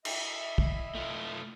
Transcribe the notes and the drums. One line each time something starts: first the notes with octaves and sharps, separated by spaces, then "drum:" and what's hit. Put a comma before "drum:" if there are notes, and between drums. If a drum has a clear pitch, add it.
E4 D#5 E5, drum: cymbal
drum: kick
A3 F4